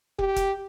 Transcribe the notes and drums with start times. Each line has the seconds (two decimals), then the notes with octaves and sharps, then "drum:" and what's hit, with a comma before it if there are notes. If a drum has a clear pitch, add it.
0.19 G4, drum: kick
0.36 drum: kick, hi-hat